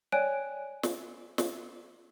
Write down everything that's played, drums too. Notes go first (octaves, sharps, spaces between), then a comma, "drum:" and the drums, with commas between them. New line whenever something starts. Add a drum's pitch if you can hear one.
C#5 D5 G5 G#5 F#6 D7
drum: snare
drum: snare